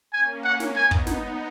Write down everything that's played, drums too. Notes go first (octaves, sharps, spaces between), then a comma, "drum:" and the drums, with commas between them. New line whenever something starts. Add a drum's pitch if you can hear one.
A#3 C#4 G#5
F#5
drum: snare
B3 D#4 G#5
drum: kick
drum: snare